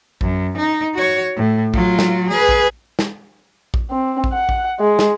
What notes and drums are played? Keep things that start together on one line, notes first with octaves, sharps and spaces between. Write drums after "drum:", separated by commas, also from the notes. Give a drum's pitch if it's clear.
F#2, drum: kick A#1
D#4
F#4 C#5
A2
F#3 F4, drum: kick A#1
drum: snare
G#4 B4
drum: kick A#1
drum: snare
drum: kick A#1
C4
drum: kick A#1
F#5
drum: kick A#1
G#3
drum: snare